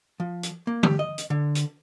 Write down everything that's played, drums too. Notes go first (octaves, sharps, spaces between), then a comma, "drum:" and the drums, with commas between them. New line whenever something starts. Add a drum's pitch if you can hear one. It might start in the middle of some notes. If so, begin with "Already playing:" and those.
F3
drum: hi-hat
A#3
G4, drum: tom D3
D#5
drum: hi-hat
D3
drum: hi-hat